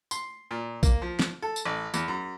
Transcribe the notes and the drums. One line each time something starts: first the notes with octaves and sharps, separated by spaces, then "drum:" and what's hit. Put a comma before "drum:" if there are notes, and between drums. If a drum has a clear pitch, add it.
C6, drum: tambourine
A#2
A#3, drum: kick, tambourine
F3
drum: snare
A4
drum: tambourine
A1
E2, drum: tambourine
F#2